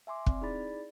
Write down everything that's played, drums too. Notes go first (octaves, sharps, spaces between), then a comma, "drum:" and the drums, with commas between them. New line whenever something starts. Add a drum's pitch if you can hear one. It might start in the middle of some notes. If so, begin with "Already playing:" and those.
E5 G#5 C6 D6
C4 D5, drum: kick
D#4 E4 G#4 D5 B5 A6